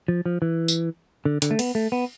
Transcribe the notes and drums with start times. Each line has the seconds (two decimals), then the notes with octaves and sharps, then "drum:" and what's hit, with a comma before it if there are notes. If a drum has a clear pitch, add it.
0.08 F3
0.26 F3
0.42 E3
0.68 drum: tambourine
1.25 D3
1.42 D3, drum: hi-hat
1.51 A3
1.59 B3, drum: cymbal
1.75 A3
1.92 B3